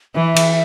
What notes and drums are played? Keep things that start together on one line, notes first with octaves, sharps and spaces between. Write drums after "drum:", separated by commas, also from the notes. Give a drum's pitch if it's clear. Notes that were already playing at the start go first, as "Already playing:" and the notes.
E3 E5
drum: cymbal